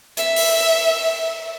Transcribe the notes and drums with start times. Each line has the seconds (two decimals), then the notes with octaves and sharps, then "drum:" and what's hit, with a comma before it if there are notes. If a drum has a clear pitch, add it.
0.17 E5, drum: hi-hat
0.36 drum: open hi-hat